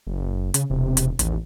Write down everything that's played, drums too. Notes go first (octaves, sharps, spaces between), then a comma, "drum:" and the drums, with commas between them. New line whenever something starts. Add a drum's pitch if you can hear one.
F#1
C#3, drum: hi-hat
E1 C3
drum: hi-hat
A1 D#2, drum: hi-hat